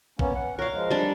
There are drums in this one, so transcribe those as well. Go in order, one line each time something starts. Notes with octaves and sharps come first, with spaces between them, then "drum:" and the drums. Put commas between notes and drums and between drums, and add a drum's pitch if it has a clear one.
A#3 B3 C#4, drum: kick A#1
F#5
A#2 A#4 C#5 F5 F#6
F3 G#3
G3 D4